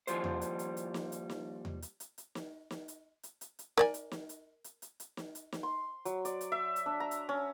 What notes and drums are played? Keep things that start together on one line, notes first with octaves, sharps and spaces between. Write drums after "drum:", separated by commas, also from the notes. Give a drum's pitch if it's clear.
D#2 F3 G3 C5, drum: hi-hat
drum: tom E2
drum: hi-hat
drum: hi-hat
drum: hi-hat
drum: snare
drum: hi-hat
drum: snare
drum: tom E2
drum: hi-hat
drum: hi-hat
drum: hi-hat
drum: snare
drum: snare
drum: hi-hat
drum: hi-hat
drum: hi-hat
drum: hi-hat
A#4 D5 G#5, drum: snare
drum: hi-hat
drum: snare
drum: hi-hat
drum: hi-hat
drum: hi-hat
drum: hi-hat
drum: snare
drum: hi-hat
drum: snare
C6
F#3, drum: hi-hat
D5, drum: hi-hat
drum: hi-hat
E5
drum: hi-hat
D4
A#5
drum: hi-hat
C#4